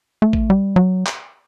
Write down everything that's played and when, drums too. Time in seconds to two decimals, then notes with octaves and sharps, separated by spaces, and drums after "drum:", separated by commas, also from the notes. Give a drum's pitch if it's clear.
0.22 A3
0.33 drum: kick A1
0.50 G3
0.76 F#3
1.06 drum: clap